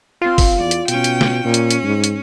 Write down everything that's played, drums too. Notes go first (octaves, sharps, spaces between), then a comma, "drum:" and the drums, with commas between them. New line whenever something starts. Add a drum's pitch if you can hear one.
C4 F4
drum: kick, open hi-hat
E2 D5
drum: hi-hat
B2 C#4 G5, drum: hi-hat
drum: hi-hat
drum: snare
A#2 C#4
drum: hi-hat
drum: hi-hat
G#2
drum: hi-hat